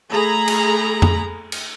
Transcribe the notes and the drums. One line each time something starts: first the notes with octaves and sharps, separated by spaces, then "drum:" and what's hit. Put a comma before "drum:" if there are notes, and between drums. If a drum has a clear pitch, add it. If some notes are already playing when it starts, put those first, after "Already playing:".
A3 G#4 A#5 B5
drum: cymbal
drum: tom F2
drum: cymbal